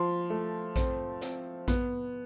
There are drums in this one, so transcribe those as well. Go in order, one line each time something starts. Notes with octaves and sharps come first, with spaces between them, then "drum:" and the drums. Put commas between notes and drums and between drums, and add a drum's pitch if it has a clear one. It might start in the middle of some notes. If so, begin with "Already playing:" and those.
Already playing: F3 C6
A3
C4, drum: kick A#1, hi-hat
C4, drum: hi-hat
B3, drum: kick A#1, hi-hat